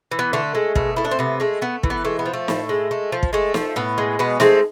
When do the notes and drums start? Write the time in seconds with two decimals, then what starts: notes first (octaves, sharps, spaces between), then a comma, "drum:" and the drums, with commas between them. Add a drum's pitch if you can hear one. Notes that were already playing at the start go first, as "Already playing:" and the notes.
0.12 E3
0.19 B3
0.33 D3 A3
0.55 G#3
0.75 B2 A3, drum: kick
0.96 A3 E4
1.05 D4
1.11 C4
1.19 C3 B3
1.40 G#3 A3
1.61 A3 B3
1.83 E3, drum: kick
1.90 B3
2.05 G#3 A3
2.19 B3
2.26 F3
2.33 A3
2.48 A2, drum: snare
2.69 G#3
2.91 A3
3.12 F3
3.23 drum: kick
3.33 G#3 A3
3.54 F3, drum: snare
3.76 A2 B3
3.98 G#3
4.19 B2 B3
4.40 G#3 A3 C4, drum: snare